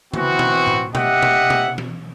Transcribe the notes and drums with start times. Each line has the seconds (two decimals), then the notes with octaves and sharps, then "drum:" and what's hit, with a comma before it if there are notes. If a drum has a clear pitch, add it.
0.14 E3 B3 C4 F#4, drum: tom C#3
0.39 drum: tom B2
0.67 drum: tom A2
0.95 G4 D#5 E5 F#5, drum: tom B2
1.22 drum: tom B2
1.50 drum: tom B2
1.78 drum: tom E3